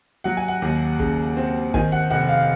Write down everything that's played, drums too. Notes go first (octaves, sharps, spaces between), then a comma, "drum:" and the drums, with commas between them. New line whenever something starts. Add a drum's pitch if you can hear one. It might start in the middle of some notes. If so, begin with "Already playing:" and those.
F#3 F#5
G#5
F#5
D#2
C#3, drum: kick
C4
D#3 G#5, drum: kick
F#5
F1 F#5
F5